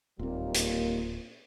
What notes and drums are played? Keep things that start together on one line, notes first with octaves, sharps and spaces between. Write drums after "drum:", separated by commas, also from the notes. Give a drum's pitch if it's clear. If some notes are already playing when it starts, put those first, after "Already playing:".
D1 D#2 A#2 G3 A#3 C4
drum: hi-hat